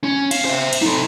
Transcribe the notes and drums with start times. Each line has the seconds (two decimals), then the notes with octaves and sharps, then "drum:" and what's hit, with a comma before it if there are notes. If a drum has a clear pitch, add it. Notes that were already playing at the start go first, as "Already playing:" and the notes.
0.04 C#4
0.31 F5, drum: cymbal
0.45 C5 E5
0.73 drum: cymbal
0.82 D#4 A4